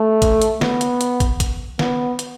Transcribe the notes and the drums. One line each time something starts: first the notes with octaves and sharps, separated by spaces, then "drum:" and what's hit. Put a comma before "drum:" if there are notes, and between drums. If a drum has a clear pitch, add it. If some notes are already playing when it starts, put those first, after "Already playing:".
Already playing: A3
drum: kick, hi-hat
drum: hi-hat
B3, drum: snare
drum: hi-hat
drum: hi-hat
drum: kick, hi-hat
drum: kick, hi-hat
B3, drum: snare
drum: hi-hat